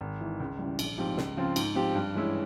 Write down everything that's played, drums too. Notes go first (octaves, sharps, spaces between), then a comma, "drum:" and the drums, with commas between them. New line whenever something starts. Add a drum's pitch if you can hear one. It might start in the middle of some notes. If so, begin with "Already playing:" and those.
G#1
G#2 E3
C#2
C#3 E3 G3
A#1, drum: cymbal
G#2 F3 C4 G4
C#2, drum: snare
C#3 F3 C4 F4
G#2, drum: cymbal
F3 C4 G4
G2
E3 G#3 C#4 E4